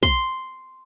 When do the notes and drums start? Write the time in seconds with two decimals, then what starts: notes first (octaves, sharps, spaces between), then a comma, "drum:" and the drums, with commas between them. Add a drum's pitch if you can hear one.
0.03 C6, drum: kick